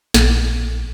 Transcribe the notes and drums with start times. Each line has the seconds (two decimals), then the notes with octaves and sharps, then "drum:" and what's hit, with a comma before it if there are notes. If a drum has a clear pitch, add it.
0.14 A#1, drum: snare